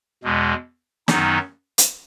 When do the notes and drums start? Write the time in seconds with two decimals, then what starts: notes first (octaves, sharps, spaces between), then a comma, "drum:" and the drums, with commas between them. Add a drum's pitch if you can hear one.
0.23 E2 B2 G#3
1.08 F#2 D#3 F#3 B3 D#4, drum: snare
1.78 drum: hi-hat